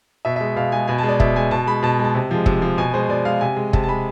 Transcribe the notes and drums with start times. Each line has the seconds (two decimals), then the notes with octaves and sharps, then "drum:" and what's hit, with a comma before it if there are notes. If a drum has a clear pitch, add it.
0.25 B2 E5
0.36 G#3 E5
0.56 B2 F5
0.72 G#3 G#5
0.88 B2 G#5
0.98 G#3 A5
1.09 D5
1.20 B2 E5, drum: kick
1.36 G#3 G#5
1.51 B2 A5
1.67 G#3 B5
1.83 B2 A5
1.99 G#3
2.05 A5
2.15 C3
2.31 F3 G#3
2.46 C3, drum: kick
2.62 F3 G#3
2.78 B2 G#5
2.94 G#3 C5
3.09 B2 D5
3.25 G#3 F5
3.41 C3 G#5
3.56 G#3
3.73 C3 A5, drum: kick
3.84 A5
3.89 G#3 B5